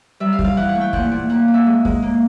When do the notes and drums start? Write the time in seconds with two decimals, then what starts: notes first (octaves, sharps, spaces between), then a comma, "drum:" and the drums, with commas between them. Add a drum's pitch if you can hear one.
0.20 G3 E5
0.32 F5
0.39 G3, drum: kick
0.44 F5
0.57 E3 F#5
0.69 F#5
0.75 A3
0.81 G5
0.93 A#2 F#5, drum: kick
1.12 A#2
1.30 A#3 F#5
1.48 A#3
1.54 E5
1.66 G#3
1.85 G#3, drum: kick
2.02 A#3